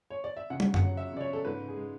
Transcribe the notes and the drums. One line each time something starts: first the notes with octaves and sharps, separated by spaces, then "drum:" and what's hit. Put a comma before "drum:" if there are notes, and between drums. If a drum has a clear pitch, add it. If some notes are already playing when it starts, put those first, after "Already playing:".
C#5
D5
E5
C#3 F#5
drum: tom
F#5, drum: tom F#2
F#3
E5
C#3 D5
C#5
A4
G#2 B4
G#4
G#3